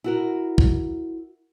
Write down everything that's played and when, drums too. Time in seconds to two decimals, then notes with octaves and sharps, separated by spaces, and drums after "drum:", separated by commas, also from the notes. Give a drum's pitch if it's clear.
0.04 E4 F#4 A#4
0.58 drum: kick A1